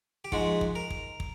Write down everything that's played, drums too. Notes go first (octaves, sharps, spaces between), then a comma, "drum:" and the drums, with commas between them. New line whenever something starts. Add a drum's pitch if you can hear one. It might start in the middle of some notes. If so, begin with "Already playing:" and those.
G4
G#2 F3 G#3 F#4, drum: kick
drum: kick
A#4
drum: kick
drum: kick